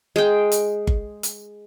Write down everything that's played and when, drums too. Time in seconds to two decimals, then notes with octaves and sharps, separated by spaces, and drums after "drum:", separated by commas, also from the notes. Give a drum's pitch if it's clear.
0.16 G#3 G5
0.52 drum: hi-hat
0.87 drum: kick G1
1.23 drum: hi-hat